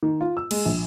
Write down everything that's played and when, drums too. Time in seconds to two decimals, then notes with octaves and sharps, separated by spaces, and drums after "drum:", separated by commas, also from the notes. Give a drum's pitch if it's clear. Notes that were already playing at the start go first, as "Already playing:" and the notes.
0.03 D#3
0.21 F4
0.37 E6
0.51 G#3, drum: cymbal
0.66 A#1